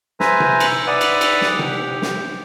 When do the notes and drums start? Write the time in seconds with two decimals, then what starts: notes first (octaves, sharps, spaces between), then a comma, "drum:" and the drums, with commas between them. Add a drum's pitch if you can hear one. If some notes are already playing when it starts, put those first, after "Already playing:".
0.20 B4 C5 E5 G#5 A#5, drum: snare
0.40 drum: tom C3
0.60 drum: cymbal
0.87 B4 D5 E5 F#5 D#6
1.01 drum: cymbal
1.21 drum: cymbal
1.41 drum: snare
1.59 G4, drum: tom C3
2.02 drum: snare